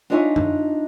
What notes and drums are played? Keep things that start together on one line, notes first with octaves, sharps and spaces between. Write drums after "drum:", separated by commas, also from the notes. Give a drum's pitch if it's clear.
D4 D#4 F4 C#5 E5 G#5
drum: tom F#2